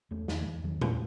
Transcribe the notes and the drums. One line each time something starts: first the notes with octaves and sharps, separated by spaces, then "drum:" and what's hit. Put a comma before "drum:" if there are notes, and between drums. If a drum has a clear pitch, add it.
E2 A3 C#4
E2 D#3, drum: snare
D#3
E2 E3
E2 D#3 F#3
E2, drum: tom A#2
A3 C#4